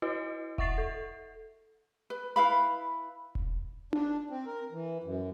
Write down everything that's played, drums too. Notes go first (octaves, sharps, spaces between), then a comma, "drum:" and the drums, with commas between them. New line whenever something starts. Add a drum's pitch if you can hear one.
E4 F#4 B4 D#5
E5 F#5 C#6 A6 C7, drum: kick E1
A4
B4
E4 B4 F5 B5
drum: kick E1
D4, drum: tom D4
C4
A#4
E3
F#2